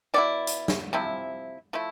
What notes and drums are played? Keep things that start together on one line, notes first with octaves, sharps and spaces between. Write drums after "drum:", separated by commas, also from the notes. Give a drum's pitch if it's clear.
B2 B3 E4 D5
drum: hi-hat
drum: snare
C3 F3 C4 E4
F3 A3 E4